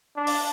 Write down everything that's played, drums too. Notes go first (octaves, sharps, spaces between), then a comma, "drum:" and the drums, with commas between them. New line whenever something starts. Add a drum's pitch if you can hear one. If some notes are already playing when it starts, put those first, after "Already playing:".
D4
drum: open hi-hat